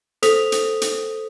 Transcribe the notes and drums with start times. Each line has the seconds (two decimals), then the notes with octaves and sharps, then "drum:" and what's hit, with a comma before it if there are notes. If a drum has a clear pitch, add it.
0.23 A4 C5 D#6 B6 F7, drum: hi-hat
0.52 drum: hi-hat
0.82 drum: hi-hat